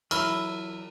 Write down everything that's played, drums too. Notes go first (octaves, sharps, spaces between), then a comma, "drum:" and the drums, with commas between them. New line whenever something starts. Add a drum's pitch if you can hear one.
E3 F#3 E4 B5 E6 F6, drum: cymbal